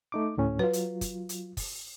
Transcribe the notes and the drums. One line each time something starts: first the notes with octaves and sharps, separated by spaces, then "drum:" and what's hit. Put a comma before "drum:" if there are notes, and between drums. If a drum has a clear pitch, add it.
A3 D#4 D6
D2 A2 C#4
F#3 F4 B4
drum: hi-hat
drum: kick, hi-hat
drum: hi-hat
drum: kick, open hi-hat